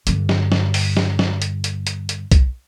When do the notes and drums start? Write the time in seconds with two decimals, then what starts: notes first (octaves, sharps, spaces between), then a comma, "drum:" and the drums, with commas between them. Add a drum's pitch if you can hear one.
0.07 G2 D3, drum: hi-hat
0.29 drum: snare
0.52 drum: snare
0.74 drum: open hi-hat
0.97 drum: snare
1.19 drum: snare
1.42 drum: hi-hat
1.64 drum: hi-hat
1.87 drum: hi-hat
2.09 drum: hi-hat
2.32 drum: kick B1, hi-hat